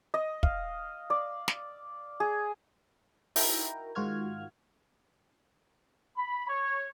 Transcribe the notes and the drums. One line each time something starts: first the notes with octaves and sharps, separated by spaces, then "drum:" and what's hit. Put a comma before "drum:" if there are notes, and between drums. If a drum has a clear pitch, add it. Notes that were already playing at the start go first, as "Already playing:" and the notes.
D#5
F5, drum: kick
D5
drum: snare
G#4
D#4 E4 F#4 A#4 G5 A#5, drum: open hi-hat
G#2 D#3 F4 F#4 F6 G#6
B5
C#5